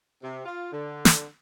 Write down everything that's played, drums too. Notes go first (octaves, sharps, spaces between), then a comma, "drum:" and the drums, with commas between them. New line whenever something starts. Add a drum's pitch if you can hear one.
C3
F4
D3
drum: snare